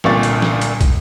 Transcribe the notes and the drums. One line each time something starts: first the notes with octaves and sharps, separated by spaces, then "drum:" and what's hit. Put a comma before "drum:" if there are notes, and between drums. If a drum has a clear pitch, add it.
G1 C2 A#2 F5 C#6 A6, drum: snare
drum: hi-hat
drum: snare
drum: hi-hat
drum: kick, hi-hat